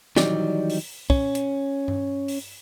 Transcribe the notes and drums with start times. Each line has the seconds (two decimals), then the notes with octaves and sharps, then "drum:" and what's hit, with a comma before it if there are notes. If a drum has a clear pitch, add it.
0.16 D#3 E3 F#3 G3 D#4 D5, drum: snare
0.70 drum: open hi-hat
1.10 C#4, drum: kick
1.35 drum: hi-hat
1.88 drum: tom G2
2.28 drum: open hi-hat